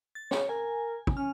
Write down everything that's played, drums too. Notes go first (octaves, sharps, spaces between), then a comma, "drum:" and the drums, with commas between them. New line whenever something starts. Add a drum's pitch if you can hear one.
A6
C#5, drum: snare
A#4 G#5
drum: kick
C#4 F6